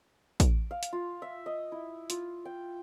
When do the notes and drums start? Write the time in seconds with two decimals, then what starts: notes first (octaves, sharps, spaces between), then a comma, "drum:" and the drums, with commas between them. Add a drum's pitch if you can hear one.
0.40 D6, drum: kick, hi-hat
0.71 F5
0.83 drum: hi-hat
0.93 F4
1.22 E5
1.46 D#5
1.72 E4
2.10 F4, drum: hi-hat
2.45 G5